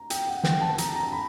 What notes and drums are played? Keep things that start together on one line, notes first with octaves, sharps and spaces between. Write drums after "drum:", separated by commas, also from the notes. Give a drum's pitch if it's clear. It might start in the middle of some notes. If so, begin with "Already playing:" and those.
Already playing: A#5
G5, drum: hi-hat
F#5
G5, drum: snare
A5
A#5, drum: hi-hat
A#5
B5